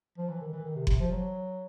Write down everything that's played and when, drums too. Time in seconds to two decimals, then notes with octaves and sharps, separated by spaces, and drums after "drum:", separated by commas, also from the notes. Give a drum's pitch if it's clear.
0.18 F3
0.29 E3
0.41 D#3
0.53 E3
0.65 D#3
0.76 C3
0.87 C3, drum: kick F#1
1.00 F3
1.11 F#3